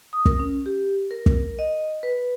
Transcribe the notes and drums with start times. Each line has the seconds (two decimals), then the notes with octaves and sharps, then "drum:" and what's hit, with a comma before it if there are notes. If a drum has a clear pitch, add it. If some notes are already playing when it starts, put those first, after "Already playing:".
0.13 D#6
0.25 A#4, drum: kick
0.40 C#4
0.66 G4
1.11 A#4
1.26 drum: kick
1.59 D#5
2.03 B4